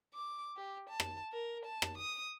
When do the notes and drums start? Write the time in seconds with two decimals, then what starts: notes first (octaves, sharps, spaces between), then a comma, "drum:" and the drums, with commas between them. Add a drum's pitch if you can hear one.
0.14 D6
0.56 G4
0.90 A5
1.00 drum: rim click
1.33 A#4
1.66 A5
1.82 drum: rim click
1.98 D#6